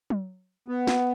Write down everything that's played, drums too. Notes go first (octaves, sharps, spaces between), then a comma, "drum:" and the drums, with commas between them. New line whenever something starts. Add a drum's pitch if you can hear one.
drum: tom F#3
B3
drum: snare